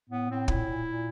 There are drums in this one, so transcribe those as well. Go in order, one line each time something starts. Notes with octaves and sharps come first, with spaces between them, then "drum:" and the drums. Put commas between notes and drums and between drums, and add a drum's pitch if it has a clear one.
A2 B3
A2 C4
A#2 E4, drum: kick
A#2
A#2